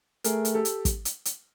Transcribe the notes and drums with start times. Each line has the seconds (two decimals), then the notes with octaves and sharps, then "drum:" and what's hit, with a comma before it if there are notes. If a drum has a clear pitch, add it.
0.24 A3 G#4 A#4, drum: hi-hat
0.45 drum: hi-hat
0.54 G4 A4
0.65 drum: hi-hat
0.85 drum: kick, hi-hat
1.05 drum: hi-hat
1.25 drum: hi-hat